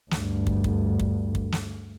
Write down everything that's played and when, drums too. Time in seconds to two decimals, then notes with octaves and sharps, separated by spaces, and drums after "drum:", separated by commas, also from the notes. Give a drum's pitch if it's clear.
0.11 D2 G2, drum: snare
0.47 drum: kick
0.64 drum: kick
0.99 drum: kick
1.35 drum: kick
1.52 drum: snare